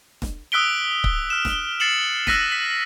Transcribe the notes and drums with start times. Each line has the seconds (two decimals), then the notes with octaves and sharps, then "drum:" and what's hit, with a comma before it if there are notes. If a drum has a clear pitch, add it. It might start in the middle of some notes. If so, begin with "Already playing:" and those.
0.22 drum: snare E1
0.52 D#6 E6 F#6 B6 D7 G7
1.04 drum: kick C#1
1.30 F6 E7
1.45 drum: snare E1
1.80 A6 C7 C#7 E7 F#7
2.27 E6 F#6 A#6 B6 D#7, drum: snare E1
2.52 B6